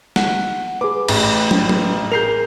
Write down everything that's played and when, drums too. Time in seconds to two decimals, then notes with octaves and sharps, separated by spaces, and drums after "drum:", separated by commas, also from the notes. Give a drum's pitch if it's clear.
0.16 F#5, drum: snare
0.81 G#4 B4 D6
1.08 A1, drum: cymbal
1.51 drum: tom
1.69 drum: tom
2.12 G#4 A#4 G6 C7 F7